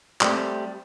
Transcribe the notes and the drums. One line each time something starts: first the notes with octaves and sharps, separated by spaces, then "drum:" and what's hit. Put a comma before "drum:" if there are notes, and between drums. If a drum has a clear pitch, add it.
G3 A3 C4, drum: clap